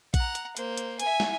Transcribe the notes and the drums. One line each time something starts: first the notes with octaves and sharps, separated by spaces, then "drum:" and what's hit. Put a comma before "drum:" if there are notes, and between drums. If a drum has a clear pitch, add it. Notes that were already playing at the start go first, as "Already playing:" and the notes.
F#5 A#5, drum: kick A#1, hi-hat
drum: hi-hat
A#3 C5, drum: hi-hat
drum: hi-hat
E5 G#5, drum: hi-hat
drum: snare